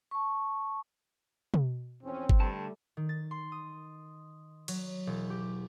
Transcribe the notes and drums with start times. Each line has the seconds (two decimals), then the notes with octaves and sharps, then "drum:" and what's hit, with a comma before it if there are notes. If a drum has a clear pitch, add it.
0.11 A5 C#6
1.54 drum: tom
2.03 E2 F3 C4 C#4
2.29 drum: kick G1
2.40 G2 D3 G3 A3 A5
2.97 D#3
3.09 A6
3.31 C6
3.52 D#6
4.68 F#3, drum: cymbal
5.07 E1
5.30 G4